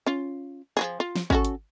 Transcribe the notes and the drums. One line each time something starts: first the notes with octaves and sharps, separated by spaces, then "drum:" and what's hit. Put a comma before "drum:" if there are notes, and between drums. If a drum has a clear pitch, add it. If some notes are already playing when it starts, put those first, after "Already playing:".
C#4 F4
F3 F#4 G#4
F4
drum: snare
C#4 F#4 A4, drum: kick
drum: hi-hat